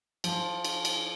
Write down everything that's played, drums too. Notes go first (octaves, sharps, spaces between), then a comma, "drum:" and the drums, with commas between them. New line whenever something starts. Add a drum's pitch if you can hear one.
F3, drum: cymbal
drum: cymbal
drum: cymbal